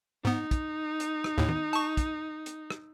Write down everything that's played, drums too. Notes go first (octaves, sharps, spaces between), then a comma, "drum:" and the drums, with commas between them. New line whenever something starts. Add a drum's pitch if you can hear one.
G#2 B3 D#4
drum: kick, hi-hat
drum: hi-hat
drum: rim click
D#2 A2
drum: tom D#3
A5 C#6
drum: kick, hi-hat
drum: hi-hat
drum: rim click